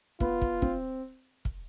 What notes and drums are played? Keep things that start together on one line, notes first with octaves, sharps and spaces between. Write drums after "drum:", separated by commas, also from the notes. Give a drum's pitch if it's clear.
B3 F4, drum: kick
drum: kick
C4, drum: kick
drum: kick